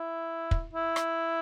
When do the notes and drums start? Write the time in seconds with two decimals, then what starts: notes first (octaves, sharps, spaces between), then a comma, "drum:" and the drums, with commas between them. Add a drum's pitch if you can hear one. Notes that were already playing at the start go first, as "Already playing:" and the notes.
Already playing: E4
0.51 drum: kick
0.73 E4
0.96 drum: rim click